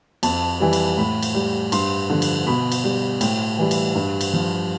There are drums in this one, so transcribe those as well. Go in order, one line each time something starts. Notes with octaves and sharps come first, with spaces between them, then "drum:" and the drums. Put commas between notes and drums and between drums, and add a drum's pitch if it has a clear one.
F2 A5, drum: cymbal
E3 G3
drum: cymbal
A2 B5
drum: cymbal
G3
G2 C6, drum: cymbal
D3 F3
drum: cymbal
B2 B5
drum: cymbal
G3
A2 G5, drum: cymbal
E3 G3
drum: cymbal
G2
drum: cymbal
F3